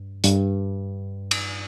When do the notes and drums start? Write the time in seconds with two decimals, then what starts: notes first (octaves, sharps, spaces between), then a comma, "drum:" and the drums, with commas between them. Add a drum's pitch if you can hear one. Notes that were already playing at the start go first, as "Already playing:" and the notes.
Already playing: G2
0.24 G2, drum: hi-hat
1.31 drum: cymbal